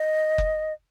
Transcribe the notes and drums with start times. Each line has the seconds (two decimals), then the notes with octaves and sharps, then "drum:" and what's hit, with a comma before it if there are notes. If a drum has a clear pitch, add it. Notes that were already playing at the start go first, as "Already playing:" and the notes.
Already playing: D#5
0.38 drum: kick F#1